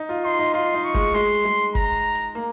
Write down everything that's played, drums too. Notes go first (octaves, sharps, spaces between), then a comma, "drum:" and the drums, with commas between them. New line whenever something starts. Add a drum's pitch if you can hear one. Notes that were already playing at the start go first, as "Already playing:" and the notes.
Already playing: D#4
F4
D#4 C6
D#4
F4 C6, drum: hi-hat
D#4
C#6
G#3, drum: kick F#1, hi-hat
G#3 C6
drum: hi-hat
G#3
A#5, drum: kick F#1, hi-hat
drum: hi-hat
A#3